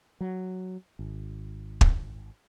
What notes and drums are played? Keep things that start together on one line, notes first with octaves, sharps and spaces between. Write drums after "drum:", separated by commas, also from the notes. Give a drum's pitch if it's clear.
F#3
G#1
drum: kick